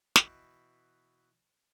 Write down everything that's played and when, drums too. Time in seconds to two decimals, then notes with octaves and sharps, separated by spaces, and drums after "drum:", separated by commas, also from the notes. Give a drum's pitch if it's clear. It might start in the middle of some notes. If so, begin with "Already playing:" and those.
0.16 B2 E3 B4 G5, drum: snare